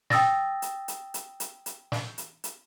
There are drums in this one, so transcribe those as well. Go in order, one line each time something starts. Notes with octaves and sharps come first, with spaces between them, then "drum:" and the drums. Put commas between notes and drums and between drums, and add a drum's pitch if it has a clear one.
G5 D#6 E6 A6 A#6, drum: snare
drum: hi-hat
drum: hi-hat
drum: hi-hat
drum: hi-hat
drum: hi-hat
drum: snare
drum: hi-hat
drum: hi-hat